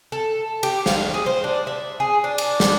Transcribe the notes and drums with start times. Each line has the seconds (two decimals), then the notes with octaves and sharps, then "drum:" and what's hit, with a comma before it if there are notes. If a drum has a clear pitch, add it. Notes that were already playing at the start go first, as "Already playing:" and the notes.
0.12 A4
0.63 G4, drum: cymbal
0.86 F5, drum: snare
1.14 G#4
1.26 C5
1.44 D4
1.67 E5
2.00 G#4
2.24 D4
2.38 drum: cymbal
2.60 drum: snare